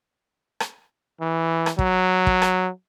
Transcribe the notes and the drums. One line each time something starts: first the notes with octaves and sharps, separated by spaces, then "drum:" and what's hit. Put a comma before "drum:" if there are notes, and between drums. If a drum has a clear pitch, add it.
drum: rim click
E3
drum: rim click
F#3, drum: kick
drum: kick
drum: rim click